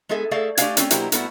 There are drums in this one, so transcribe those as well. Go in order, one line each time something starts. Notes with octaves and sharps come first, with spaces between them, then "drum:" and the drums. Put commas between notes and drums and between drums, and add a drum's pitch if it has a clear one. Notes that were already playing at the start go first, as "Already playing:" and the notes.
G#3 B3 G#4 A4 E5
A3 G#4 A4 D5 E5 F5
A3 D4 G4 D5 F5 G#5, drum: hi-hat
A3 C4 C#4, drum: hi-hat
B2 F#3 A#3 E4 G4 C5, drum: hi-hat
G2 A3 B3 E4 F#4, drum: hi-hat